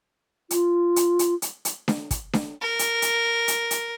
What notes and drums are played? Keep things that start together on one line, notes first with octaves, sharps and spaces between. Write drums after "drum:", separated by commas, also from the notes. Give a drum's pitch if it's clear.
F4, drum: hi-hat
drum: hi-hat
drum: hi-hat
drum: hi-hat
drum: hi-hat
drum: snare D4
drum: kick, hi-hat
drum: snare D4
A#4
drum: hi-hat
drum: hi-hat
drum: hi-hat
drum: hi-hat